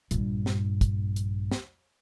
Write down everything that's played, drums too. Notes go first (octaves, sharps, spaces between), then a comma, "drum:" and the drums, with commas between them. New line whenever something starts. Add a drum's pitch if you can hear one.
A#1 G2, drum: hi-hat
drum: snare
drum: kick, hi-hat
drum: hi-hat
drum: snare